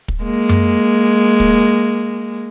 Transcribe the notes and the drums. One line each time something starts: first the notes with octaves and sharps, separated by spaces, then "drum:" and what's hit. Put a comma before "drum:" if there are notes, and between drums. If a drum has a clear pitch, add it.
drum: kick
G#3 A#3
drum: tom F#2
drum: kick